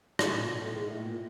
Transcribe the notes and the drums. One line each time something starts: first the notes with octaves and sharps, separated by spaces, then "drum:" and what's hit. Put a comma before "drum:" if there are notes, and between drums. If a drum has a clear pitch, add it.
G#2, drum: rim click
A2
A#2
B2
A2
G#2
A2
A#2